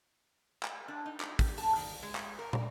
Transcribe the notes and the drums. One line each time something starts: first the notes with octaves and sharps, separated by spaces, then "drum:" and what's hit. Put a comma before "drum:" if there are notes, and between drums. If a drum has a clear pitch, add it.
drum: clap
D4
D#4
drum: clap
G4, drum: kick, open hi-hat
A5, drum: open hi-hat
D#3, drum: open hi-hat
G#3
drum: clap
A#4
drum: tom